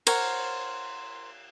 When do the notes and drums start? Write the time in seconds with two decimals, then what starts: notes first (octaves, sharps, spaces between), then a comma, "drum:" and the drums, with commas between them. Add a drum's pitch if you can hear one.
0.07 A#4 C5 C#5 F#5, drum: cymbal